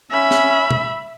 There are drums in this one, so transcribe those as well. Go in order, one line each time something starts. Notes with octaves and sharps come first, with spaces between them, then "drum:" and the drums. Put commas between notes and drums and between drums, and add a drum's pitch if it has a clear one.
C#4 E5 B5
drum: snare
drum: tom